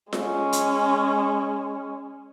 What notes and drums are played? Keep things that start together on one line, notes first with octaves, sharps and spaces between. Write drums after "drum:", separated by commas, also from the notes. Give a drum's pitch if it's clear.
G#3 C#4, drum: snare F4
drum: hi-hat